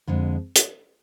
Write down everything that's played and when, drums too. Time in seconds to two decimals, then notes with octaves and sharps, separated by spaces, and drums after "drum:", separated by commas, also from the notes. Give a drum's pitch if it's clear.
0.07 F2 D3 G#3
0.55 drum: hi-hat